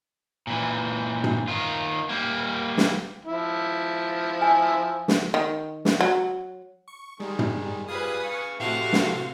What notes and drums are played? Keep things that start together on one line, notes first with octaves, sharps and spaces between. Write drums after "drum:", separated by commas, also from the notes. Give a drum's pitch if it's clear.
A#2 E3
drum: tom
D#3 F4
G3 A#3
drum: snare
F3 E4
G#5
drum: snare
D#3
drum: snare
F#3
C#6
D#3 G3 G#3
drum: tom
G3 F4 G#4 B4 G#5 D#6
F5 C#6
A2 C3 A3 F#4 G4 E5 F5 C6
drum: snare